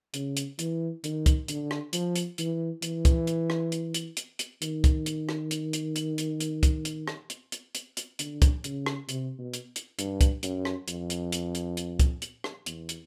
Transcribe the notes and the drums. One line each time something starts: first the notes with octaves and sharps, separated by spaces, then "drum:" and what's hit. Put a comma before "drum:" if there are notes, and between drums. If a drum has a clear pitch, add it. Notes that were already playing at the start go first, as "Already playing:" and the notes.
C#3, drum: hi-hat
drum: hi-hat
E3, drum: hi-hat
D#3, drum: hi-hat
drum: kick, hi-hat
D3, drum: hi-hat
drum: rim click
F3, drum: hi-hat
drum: hi-hat
E3, drum: hi-hat
E3, drum: hi-hat
drum: kick, hi-hat
drum: hi-hat
drum: rim click
drum: hi-hat
drum: hi-hat
drum: hi-hat
drum: hi-hat
D#3, drum: hi-hat
drum: kick, hi-hat
drum: hi-hat
drum: rim click
drum: hi-hat
drum: hi-hat
drum: hi-hat
drum: hi-hat
drum: hi-hat
drum: kick, hi-hat
drum: hi-hat
drum: rim click
drum: hi-hat
drum: hi-hat
drum: hi-hat
drum: hi-hat
D3, drum: hi-hat
drum: kick, hi-hat
C#3, drum: hi-hat
drum: rim click
C3, drum: hi-hat
B2
drum: hi-hat
drum: hi-hat
G2, drum: hi-hat
drum: kick, hi-hat
F#2, drum: hi-hat
drum: rim click
F2, drum: hi-hat
drum: hi-hat
drum: hi-hat
drum: hi-hat
drum: hi-hat
drum: kick, hi-hat
drum: hi-hat
drum: rim click
E2, drum: hi-hat
drum: hi-hat